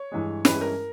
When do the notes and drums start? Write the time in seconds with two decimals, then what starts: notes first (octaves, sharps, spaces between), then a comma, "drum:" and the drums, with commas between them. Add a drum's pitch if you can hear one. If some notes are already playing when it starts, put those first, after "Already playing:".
Already playing: C#5
0.12 G2 E3 G#3
0.45 G2 E3 G#3 C#4 E4 B4, drum: snare
0.61 A#4